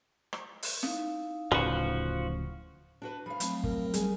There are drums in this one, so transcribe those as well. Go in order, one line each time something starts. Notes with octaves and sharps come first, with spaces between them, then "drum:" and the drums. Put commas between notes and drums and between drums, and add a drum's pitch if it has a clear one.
drum: rim click
drum: open hi-hat
D#4 E4 F5, drum: snare
D1 A2 C#3 F3 F#4 B4
D4 F#4 B4
F3 F5 B5
F#3 A3 C4, drum: hi-hat
A#4, drum: kick
G3 G#4, drum: hi-hat